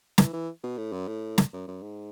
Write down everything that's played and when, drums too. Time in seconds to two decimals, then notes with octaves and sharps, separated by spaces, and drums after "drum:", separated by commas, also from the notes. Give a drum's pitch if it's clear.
0.18 E3, drum: snare
0.33 E3
0.63 B2
0.77 A2
0.92 F#2
1.08 A2
1.38 drum: snare
1.53 F#2
1.68 F#2
1.82 G#2